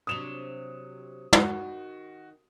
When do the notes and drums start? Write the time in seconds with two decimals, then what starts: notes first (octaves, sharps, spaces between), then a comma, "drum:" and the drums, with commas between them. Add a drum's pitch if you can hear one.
0.07 C3 F#3 D4 D#6 E7 F7
1.33 D#3 F#4, drum: tom